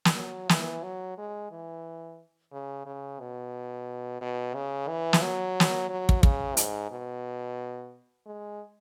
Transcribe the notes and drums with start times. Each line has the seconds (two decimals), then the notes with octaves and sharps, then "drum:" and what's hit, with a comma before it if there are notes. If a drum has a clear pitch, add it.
0.05 drum: snare
0.16 F#3
0.49 E3, drum: snare
0.83 F#3
1.18 G#3
1.51 E3
2.52 C#3
2.86 C#3
3.20 B2
4.21 B2
4.55 C#3
4.88 E3
5.13 drum: snare
5.22 F#3
5.60 drum: snare
5.90 F#3
6.09 drum: kick
6.23 C#3, drum: kick
6.57 G#2, drum: hi-hat
6.91 B2
8.26 G#3